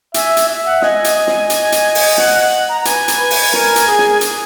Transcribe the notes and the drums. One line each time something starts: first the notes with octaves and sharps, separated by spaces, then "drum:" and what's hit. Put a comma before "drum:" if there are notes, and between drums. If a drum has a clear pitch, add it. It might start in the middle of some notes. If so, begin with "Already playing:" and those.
E5 G#5, drum: hi-hat
drum: hi-hat
E5
F#5
D#5 G#5, drum: snare
drum: hi-hat
D#5
drum: snare
drum: hi-hat
drum: hi-hat
drum: open hi-hat
F#5, drum: snare
F#5
A#5
A#5
B4 G#5, drum: hi-hat
drum: hi-hat
B4
drum: open hi-hat
A#4, drum: snare
drum: hi-hat
G#4
drum: snare
G#5, drum: hi-hat